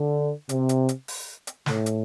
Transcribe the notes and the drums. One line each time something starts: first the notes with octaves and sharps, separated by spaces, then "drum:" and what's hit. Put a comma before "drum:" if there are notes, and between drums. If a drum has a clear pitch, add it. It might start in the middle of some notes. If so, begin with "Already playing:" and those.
Already playing: D3
C3, drum: hi-hat
drum: hi-hat
drum: hi-hat
drum: open hi-hat
drum: hi-hat
A2, drum: snare
drum: hi-hat